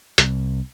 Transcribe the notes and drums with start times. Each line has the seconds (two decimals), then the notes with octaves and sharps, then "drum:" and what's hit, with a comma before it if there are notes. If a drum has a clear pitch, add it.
0.18 C2, drum: hi-hat